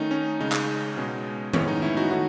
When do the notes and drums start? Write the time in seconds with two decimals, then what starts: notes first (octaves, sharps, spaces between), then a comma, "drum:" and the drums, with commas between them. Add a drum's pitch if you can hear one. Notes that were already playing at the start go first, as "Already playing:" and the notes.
Already playing: D#3 A3 C#4 D#4
0.11 C#4
0.40 C#3 G#3 C#4 D#4
0.52 drum: clap
0.97 B2 G#3 C#4
1.53 A2 G#3 B3 C#4, drum: tom D#3
1.68 D#4
1.82 C#4 E4
1.97 D#4 F#4
2.11 A3 C#4 D#4 F#4